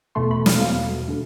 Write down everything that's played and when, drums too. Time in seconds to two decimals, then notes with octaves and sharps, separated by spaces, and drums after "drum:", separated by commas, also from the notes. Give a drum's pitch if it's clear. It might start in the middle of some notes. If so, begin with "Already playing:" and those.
0.15 E2 B2 A3 C6
0.31 B5
0.46 F5, drum: snare
0.62 E2 B2 A3
1.08 D3 A3